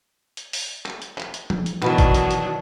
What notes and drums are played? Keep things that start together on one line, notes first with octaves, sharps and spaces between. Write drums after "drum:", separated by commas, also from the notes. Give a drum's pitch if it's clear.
drum: hi-hat
drum: open hi-hat
drum: clap
drum: hi-hat
drum: clap
drum: hi-hat
drum: tom F3
drum: hi-hat
B2 D#3 E3 F#3 D4 B4, drum: clap
drum: kick A1, hi-hat
drum: hi-hat
drum: hi-hat